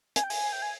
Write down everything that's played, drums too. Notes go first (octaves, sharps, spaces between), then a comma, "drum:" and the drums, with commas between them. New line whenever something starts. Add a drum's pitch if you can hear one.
G#5, drum: hi-hat
G5
G#5, drum: open hi-hat
G5
G#5